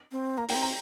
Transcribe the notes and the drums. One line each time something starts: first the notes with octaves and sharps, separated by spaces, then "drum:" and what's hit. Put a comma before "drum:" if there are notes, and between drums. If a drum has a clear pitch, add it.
C4
A#3 A#5
A#3 G5, drum: open hi-hat
C4
A#5